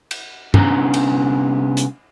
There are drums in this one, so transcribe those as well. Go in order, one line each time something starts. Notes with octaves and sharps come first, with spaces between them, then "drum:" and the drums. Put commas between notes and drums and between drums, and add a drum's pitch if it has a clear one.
drum: cymbal
C2 B3 C#4 D4 A#5, drum: tom G2
drum: cymbal
drum: hi-hat